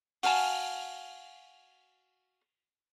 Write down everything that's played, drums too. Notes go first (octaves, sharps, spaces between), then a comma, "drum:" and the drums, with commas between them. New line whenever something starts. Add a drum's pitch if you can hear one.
F#4 F5 G#5 A5, drum: open hi-hat